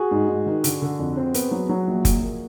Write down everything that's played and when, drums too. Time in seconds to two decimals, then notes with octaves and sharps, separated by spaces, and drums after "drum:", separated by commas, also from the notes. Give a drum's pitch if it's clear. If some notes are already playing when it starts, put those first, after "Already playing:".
Already playing: F#4 G#4
0.11 G#2
0.28 G#2
0.46 D#3
0.64 D3, drum: hi-hat
0.82 D3
0.99 F2
1.17 C4
1.34 B3, drum: hi-hat
1.51 F#3
1.69 F#3
1.87 A#1
2.05 A#1, drum: kick F#1, hi-hat
2.22 A#3